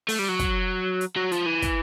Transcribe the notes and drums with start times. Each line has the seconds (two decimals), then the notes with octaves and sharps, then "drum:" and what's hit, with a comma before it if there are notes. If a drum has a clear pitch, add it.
0.08 A3, drum: open hi-hat
0.19 G3
0.29 F#3
0.39 drum: kick, hi-hat
1.01 drum: hi-hat
1.16 F#3
1.32 F3, drum: hi-hat
1.46 E3
1.62 drum: kick, hi-hat